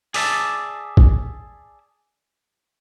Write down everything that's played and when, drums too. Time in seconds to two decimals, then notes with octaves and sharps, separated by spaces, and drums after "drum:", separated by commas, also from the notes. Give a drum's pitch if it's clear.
0.14 G#4 D5 E5 F#5 A5, drum: open hi-hat
0.97 drum: kick